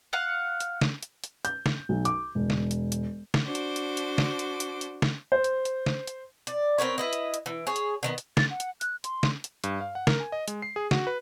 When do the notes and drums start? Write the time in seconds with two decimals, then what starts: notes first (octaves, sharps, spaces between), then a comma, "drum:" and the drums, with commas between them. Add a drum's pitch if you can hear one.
0.13 F5 F#5
0.60 drum: hi-hat
0.81 drum: snare
1.03 drum: hi-hat
1.24 drum: hi-hat
1.45 G6, drum: hi-hat
1.66 drum: snare
1.89 B1
2.05 D6, drum: hi-hat
2.35 E1
2.50 drum: snare
2.71 drum: hi-hat
2.92 drum: hi-hat
3.34 drum: snare
3.45 D4 F#4 C5 D6
3.55 drum: hi-hat
3.76 drum: hi-hat
3.97 drum: hi-hat
4.18 drum: snare
4.39 drum: hi-hat
4.60 drum: hi-hat
4.81 drum: hi-hat
5.02 drum: snare
5.32 C5
5.44 drum: hi-hat
5.65 drum: hi-hat
5.86 drum: snare
6.07 drum: hi-hat
6.47 D5, drum: hi-hat
6.78 C4 A#4 B4 C#5
6.98 E4 B4 D#5
7.13 drum: hi-hat
7.34 drum: hi-hat
7.46 E3
7.67 G#4 C#5
7.76 drum: hi-hat
8.03 D3 D#3 B3
8.18 drum: hi-hat
8.37 A6, drum: snare
8.51 F#5
8.60 drum: hi-hat
8.81 F#6, drum: hi-hat
9.04 C6, drum: hi-hat
9.23 drum: snare
9.44 drum: hi-hat
9.64 G2, drum: hi-hat
9.81 F5
9.95 F#5
10.07 A#4, drum: snare
10.20 G#5
10.32 D#5
10.48 G#3, drum: hi-hat
10.62 C7
10.76 G#4
10.91 F#4, drum: snare
11.07 B4